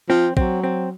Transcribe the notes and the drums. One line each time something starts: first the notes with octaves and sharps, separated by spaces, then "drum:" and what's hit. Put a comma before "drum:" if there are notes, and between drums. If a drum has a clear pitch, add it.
F3 C4
F#3 C4, drum: kick
C4